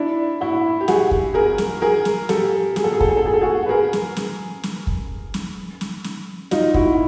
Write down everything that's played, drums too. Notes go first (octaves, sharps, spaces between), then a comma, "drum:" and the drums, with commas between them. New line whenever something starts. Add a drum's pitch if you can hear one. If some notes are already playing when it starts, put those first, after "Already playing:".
Already playing: D4 E4
E4 F#4
G4
F#4 G#4, drum: snare
drum: kick
G#4 A#4
drum: snare
G#4 A#4
drum: snare
G4 A4, drum: snare
G#4, drum: snare
A4
G#4
A4, drum: kick
G#4
A4
G#4
A4
F#4 G#4
B4
G#4 A#4
drum: snare
drum: snare
drum: snare
drum: kick
drum: snare
drum: snare
drum: snare
D#4 F4, drum: snare
E4 F#4, drum: kick